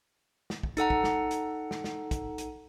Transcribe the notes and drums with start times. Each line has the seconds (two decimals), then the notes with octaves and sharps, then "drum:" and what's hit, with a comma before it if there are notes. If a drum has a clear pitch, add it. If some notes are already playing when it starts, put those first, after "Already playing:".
0.50 drum: snare
0.63 drum: kick
0.77 D#4 A4 F#5 A#5, drum: hi-hat
0.90 drum: kick
1.04 drum: snare
1.31 drum: hi-hat
1.71 drum: snare
1.84 drum: snare
2.11 drum: kick, hi-hat
2.38 drum: hi-hat